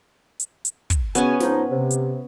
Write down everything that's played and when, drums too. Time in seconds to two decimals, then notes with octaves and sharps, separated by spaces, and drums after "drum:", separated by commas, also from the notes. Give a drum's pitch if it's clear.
0.40 drum: hi-hat
0.65 drum: hi-hat
0.90 drum: kick, hi-hat
1.15 C#3 B3 C#4 F#4 G#5, drum: hi-hat
1.40 G#2 F3 D#4, drum: snare
1.70 C3
1.91 drum: hi-hat